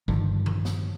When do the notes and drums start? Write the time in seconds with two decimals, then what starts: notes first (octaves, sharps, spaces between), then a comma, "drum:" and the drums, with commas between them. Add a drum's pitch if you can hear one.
0.08 G2 D3 D#3 F3, drum: kick
0.46 drum: tom A2
0.65 drum: snare